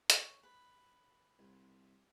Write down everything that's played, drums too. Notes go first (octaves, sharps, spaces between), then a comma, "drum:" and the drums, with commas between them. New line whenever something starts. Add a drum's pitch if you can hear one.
C#5, drum: hi-hat
B4
C2